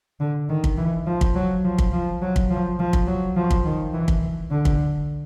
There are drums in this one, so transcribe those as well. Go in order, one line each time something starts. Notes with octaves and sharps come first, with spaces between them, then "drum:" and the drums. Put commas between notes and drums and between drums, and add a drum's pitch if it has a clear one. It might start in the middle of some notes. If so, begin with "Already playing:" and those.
D3
D#3
drum: kick
E3
F3
drum: kick
F#3
F3
drum: kick
F3
F#3
drum: kick
F3
F3
drum: kick
F#3
F3
drum: kick
D#3
E3
drum: kick
D3
drum: kick